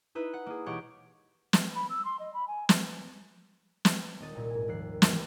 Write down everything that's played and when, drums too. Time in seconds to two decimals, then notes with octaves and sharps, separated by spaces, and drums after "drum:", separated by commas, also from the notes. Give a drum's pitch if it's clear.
0.15 D#4 E4 B4
0.33 F#5
0.46 A#3 G#4
0.66 E1 G4 C#5 F#5 C#6 D7
1.53 drum: snare
1.75 B5
1.90 E6
2.05 C6
2.19 D#5
2.34 B5
2.48 G#5
2.69 drum: snare
3.85 drum: snare
4.20 D#1 D#4 D#5 D#6 A6
4.35 C2 A#2
4.50 G#2 G#5
4.68 D#2 F3 F#6 C7
5.02 E3 G4, drum: snare